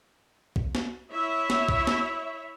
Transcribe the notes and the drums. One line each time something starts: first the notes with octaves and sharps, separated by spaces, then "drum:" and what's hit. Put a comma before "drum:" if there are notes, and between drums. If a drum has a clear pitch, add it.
drum: kick
drum: snare
E4 C#5 E5
drum: snare
drum: kick
drum: snare